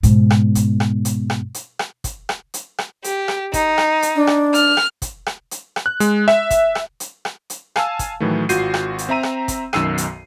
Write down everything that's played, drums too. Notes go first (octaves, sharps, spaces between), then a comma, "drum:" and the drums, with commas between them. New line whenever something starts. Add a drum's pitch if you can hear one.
G#2 B2, drum: hi-hat
drum: rim click
drum: kick, hi-hat
drum: rim click
drum: hi-hat
drum: rim click
drum: hi-hat
drum: rim click
drum: kick, hi-hat
drum: rim click
drum: hi-hat
drum: rim click
G4, drum: hi-hat
drum: rim click
D#4, drum: kick, hi-hat
drum: rim click
drum: hi-hat
D4
drum: rim click
F6, drum: hi-hat
drum: rim click
drum: kick, hi-hat
drum: rim click
drum: hi-hat
drum: rim click
F#6
G#3, drum: hi-hat
E5, drum: rim click
drum: kick, hi-hat
drum: rim click
drum: hi-hat
drum: rim click
drum: hi-hat
F5 G#5 A5 E6, drum: rim click
drum: kick, hi-hat
A2 D#3 E3 F#3 A3
G#1 F4 F#4 G6 C7 D#7, drum: hi-hat
drum: rim click
drum: hi-hat
C4 E5 A#5 D#7
drum: rim click
drum: kick, hi-hat
B1 F#2 D#3 E6 C7 D#7, drum: rim click
drum: hi-hat